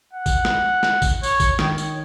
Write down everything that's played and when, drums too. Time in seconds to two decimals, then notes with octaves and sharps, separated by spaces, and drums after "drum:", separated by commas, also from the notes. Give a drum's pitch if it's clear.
0.13 F#5
0.26 drum: kick G#1, tambourine
0.45 drum: snare
0.83 drum: snare
1.02 drum: kick G#1, tambourine
1.23 C#5, drum: tambourine
1.40 drum: kick G#1, tambourine
1.59 D#3 C#5, drum: snare
1.78 drum: tambourine